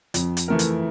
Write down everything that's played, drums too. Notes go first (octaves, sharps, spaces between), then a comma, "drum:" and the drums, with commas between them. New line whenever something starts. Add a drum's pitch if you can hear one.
F2, drum: hi-hat
drum: hi-hat
E3 A3 E4 A#4
drum: hi-hat